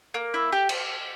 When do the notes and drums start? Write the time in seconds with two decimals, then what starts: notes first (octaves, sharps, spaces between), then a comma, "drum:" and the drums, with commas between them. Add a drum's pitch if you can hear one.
0.14 A#3
0.34 E4
0.52 G4
0.69 drum: cymbal